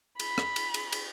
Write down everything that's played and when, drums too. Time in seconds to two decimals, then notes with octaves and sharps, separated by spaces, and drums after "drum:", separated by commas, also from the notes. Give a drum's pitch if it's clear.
0.20 B5, drum: cymbal
0.38 drum: rim click
0.56 drum: cymbal
0.74 drum: cymbal
0.92 drum: cymbal